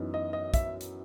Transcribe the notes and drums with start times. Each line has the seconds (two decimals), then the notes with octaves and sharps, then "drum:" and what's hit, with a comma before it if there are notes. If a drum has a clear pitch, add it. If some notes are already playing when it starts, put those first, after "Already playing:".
Already playing: F#2 E3 B3 D#4
0.14 D#5
0.33 D#5
0.54 E5, drum: kick, hi-hat
0.81 drum: hi-hat